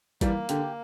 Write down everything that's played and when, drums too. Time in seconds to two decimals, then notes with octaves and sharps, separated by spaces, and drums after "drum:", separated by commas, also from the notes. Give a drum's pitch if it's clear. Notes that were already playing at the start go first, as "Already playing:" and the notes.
0.21 E3 G3 A#3, drum: kick G#1, hi-hat
0.49 D3 G4, drum: hi-hat